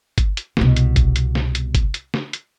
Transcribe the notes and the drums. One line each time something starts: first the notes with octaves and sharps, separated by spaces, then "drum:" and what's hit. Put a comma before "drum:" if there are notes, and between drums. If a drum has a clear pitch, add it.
drum: kick G1, hi-hat
drum: hi-hat
C2 B2, drum: snare
drum: hi-hat
drum: kick G1, hi-hat
drum: hi-hat
drum: snare
drum: hi-hat
drum: kick G1, hi-hat
drum: hi-hat
drum: snare
drum: hi-hat